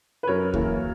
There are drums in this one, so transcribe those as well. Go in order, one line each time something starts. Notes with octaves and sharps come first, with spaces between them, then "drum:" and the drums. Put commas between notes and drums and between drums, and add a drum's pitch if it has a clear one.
B4
F#2 A#4 C#5
E3 A#3, drum: kick